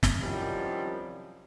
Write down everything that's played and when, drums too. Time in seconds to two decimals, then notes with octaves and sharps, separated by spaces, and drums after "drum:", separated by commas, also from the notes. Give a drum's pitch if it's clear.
0.03 drum: snare
0.22 C2 F#2 D#3 F3 G3